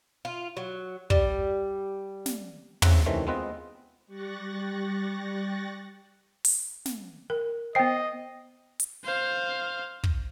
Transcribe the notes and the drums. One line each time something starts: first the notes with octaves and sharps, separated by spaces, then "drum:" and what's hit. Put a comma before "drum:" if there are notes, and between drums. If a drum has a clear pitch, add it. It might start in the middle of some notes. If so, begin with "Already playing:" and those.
F4
F#3
G3, drum: kick
drum: snare
A#1 C#3 C4 E5 F#5 A#5, drum: tom
C3 D#3 E3 A3 C4 C#4
G#3 B3 C4 F4 B4 D#5
G3 G4 C#6 F#6 A6 A#6
drum: open hi-hat
drum: snare
A#4
B3 C5 D#5 G5 C7
drum: hi-hat
C5 F5
drum: kick